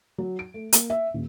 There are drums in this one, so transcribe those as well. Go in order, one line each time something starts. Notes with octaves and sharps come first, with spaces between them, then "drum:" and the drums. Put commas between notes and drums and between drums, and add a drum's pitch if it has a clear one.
F#3
D7
A3
A#3, drum: hi-hat
E5
D#1